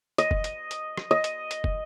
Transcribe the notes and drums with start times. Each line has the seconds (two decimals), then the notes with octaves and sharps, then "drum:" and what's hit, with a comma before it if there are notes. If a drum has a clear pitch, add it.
0.18 D#5, drum: hi-hat
0.31 drum: kick
0.44 drum: hi-hat
0.71 drum: hi-hat
0.97 drum: rim click
1.11 D#5
1.24 drum: hi-hat
1.51 drum: hi-hat
1.64 drum: kick